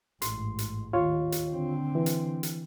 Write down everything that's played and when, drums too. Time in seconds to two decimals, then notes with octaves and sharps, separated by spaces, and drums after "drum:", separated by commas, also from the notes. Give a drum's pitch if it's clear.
0.22 A1 G#2 C6, drum: hi-hat
0.59 drum: hi-hat
0.93 D#2 F4 C#5
1.32 drum: hi-hat
1.51 D3 C4
1.95 E3
2.06 drum: hi-hat
2.43 drum: hi-hat